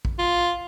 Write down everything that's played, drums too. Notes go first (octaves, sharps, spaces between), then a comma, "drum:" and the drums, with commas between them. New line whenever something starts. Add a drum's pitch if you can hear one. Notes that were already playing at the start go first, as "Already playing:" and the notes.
drum: kick
F4